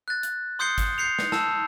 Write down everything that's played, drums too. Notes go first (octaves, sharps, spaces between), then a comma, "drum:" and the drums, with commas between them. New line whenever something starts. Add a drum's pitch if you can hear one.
F#6 A6
drum: hi-hat
C6 D#6 G6 C7 C#7 G7
drum: kick, hi-hat
G6 C7 C#7 F7
drum: snare
G#5 A5 E6, drum: snare